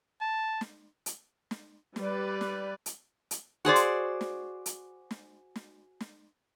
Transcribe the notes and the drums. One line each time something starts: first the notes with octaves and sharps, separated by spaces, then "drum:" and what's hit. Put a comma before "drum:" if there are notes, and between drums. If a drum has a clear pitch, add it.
A5
drum: snare
drum: hi-hat
drum: snare
G3 B4 D5, drum: snare
drum: snare
drum: hi-hat
drum: hi-hat
F#4 G#4 C5 D5
drum: hi-hat
drum: snare
drum: hi-hat
drum: snare
drum: snare
drum: snare